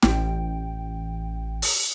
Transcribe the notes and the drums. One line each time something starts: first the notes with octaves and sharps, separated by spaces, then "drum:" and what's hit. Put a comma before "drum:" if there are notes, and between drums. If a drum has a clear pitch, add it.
A1 G5, drum: snare
drum: open hi-hat